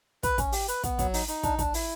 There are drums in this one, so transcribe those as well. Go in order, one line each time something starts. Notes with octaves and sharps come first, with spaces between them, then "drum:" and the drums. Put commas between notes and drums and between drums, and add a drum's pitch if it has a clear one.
B4, drum: kick, hi-hat
C#4, drum: kick, hi-hat
G4, drum: open hi-hat
B4, drum: hi-hat
B3, drum: kick, hi-hat
F#3, drum: kick, hi-hat
D#4, drum: open hi-hat
D#4, drum: hi-hat
D4, drum: kick, hi-hat
D4, drum: kick, hi-hat
E4, drum: open hi-hat